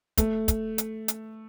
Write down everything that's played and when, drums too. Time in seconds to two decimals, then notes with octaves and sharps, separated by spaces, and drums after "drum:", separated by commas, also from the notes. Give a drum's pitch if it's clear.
0.18 A3, drum: kick, hi-hat
0.48 drum: kick, hi-hat
0.78 drum: hi-hat
1.08 drum: hi-hat